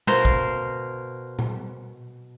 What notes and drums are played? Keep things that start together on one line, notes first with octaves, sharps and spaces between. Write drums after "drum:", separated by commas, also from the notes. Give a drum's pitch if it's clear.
B2 A#4 C5 F5, drum: tom G#3
drum: kick
drum: tom A#2